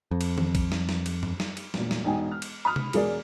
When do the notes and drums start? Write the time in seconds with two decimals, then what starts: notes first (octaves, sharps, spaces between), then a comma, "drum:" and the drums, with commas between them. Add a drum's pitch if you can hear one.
0.11 F2
0.21 drum: cymbal
0.38 drum: tom D#3
0.55 drum: kick, cymbal
0.72 drum: snare
0.89 drum: snare
1.06 drum: cymbal
1.23 drum: tom F#2
1.40 drum: snare
1.57 drum: cymbal
1.74 E1 A#2, drum: snare
1.91 drum: snare
2.04 E1 D#4 G5 G#5
2.32 F6
2.42 drum: cymbal
2.65 B5 D#6 F6
2.76 drum: tom C3
2.93 E1 G#3 G#4 A#4 D5, drum: cymbal